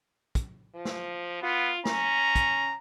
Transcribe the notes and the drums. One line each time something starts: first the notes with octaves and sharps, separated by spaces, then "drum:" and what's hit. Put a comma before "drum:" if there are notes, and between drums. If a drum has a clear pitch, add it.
drum: kick, hi-hat
F3
drum: snare
B3 F4
C#4 A#5, drum: snare
drum: kick, hi-hat